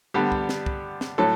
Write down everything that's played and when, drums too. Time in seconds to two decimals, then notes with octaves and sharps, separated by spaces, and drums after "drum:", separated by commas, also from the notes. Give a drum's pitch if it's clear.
0.14 D3 G3 B3 G4
0.32 drum: kick
0.49 drum: snare
0.66 drum: kick
1.01 drum: snare
1.18 A2 F#3 A4